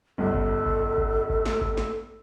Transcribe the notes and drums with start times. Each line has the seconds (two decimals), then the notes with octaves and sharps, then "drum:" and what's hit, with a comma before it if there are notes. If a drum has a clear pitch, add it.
0.18 G1 C#2 G2 A4
0.34 drum: kick G#1
0.66 drum: kick G#1
0.98 drum: kick G#1
1.30 drum: kick G#1
1.45 drum: snare
1.61 drum: kick G#1
1.77 drum: snare